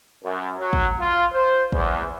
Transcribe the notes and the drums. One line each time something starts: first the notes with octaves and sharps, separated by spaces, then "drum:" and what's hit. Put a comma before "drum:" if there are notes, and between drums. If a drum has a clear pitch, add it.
F#2
F#3
drum: kick
F4
C5
E2, drum: kick